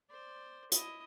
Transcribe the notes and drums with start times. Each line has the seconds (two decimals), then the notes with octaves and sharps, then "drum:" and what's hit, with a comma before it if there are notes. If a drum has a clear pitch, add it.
0.10 C5 D5
0.72 E4 D#5, drum: hi-hat